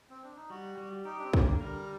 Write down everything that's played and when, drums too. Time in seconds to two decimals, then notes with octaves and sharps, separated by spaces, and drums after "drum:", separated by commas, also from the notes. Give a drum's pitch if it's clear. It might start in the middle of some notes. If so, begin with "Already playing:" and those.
0.10 C4
0.24 D4
0.36 D#4
0.50 G3 F#4
0.78 G3
1.05 D#4 G4
1.20 D4
1.24 C4
1.33 D3, drum: kick
1.43 A#3
1.61 G3 A#4